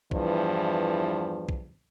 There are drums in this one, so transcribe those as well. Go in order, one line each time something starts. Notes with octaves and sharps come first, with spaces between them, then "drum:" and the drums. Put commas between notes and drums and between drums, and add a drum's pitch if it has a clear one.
E2 G2 E3 F3, drum: kick
drum: kick